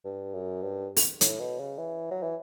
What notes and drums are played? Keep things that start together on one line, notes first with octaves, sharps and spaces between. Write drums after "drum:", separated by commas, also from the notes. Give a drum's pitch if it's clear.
G2
F#2
G2
drum: open hi-hat
A2, drum: hi-hat
B2
C#3
E3
F#3
E3